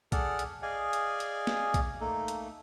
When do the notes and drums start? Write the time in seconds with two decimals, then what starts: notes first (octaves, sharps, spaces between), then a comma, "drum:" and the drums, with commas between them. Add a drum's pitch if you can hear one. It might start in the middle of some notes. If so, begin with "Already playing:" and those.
0.12 G#4 A4 D5 F#5 A5 F6, drum: kick, hi-hat
0.39 drum: hi-hat
0.63 G#4 D5 D#5 F5 G#5
0.93 drum: hi-hat
1.20 drum: hi-hat
1.47 drum: snare
1.74 drum: kick, hi-hat
2.01 A3 A#3 D#4 A4
2.28 drum: hi-hat